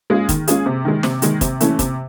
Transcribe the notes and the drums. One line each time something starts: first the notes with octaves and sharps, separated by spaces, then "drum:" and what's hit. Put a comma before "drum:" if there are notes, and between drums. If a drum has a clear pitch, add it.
G#3 C#4 F4 G#4
D#3, drum: kick, hi-hat
G#3 C#4 F4 G#4, drum: hi-hat
C3
D#3 G#3
C3, drum: snare
D#3 G#3, drum: hi-hat
C3, drum: kick, hi-hat
E3 A3 C#4, drum: hi-hat
C3, drum: kick, hi-hat